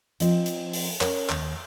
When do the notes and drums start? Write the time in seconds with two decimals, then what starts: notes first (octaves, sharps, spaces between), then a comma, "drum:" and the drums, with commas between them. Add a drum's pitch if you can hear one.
0.20 F3 C4 D#5, drum: hi-hat
0.46 drum: hi-hat
0.73 drum: open hi-hat
1.01 C#4 A#4 C#5, drum: clap
1.29 D#2, drum: clap